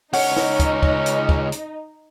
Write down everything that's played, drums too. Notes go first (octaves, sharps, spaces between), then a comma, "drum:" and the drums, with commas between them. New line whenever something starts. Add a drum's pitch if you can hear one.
C#2 C#4 D#4 C#5 F#5, drum: open hi-hat
drum: snare
drum: kick, hi-hat
drum: kick
drum: hi-hat
drum: kick
drum: hi-hat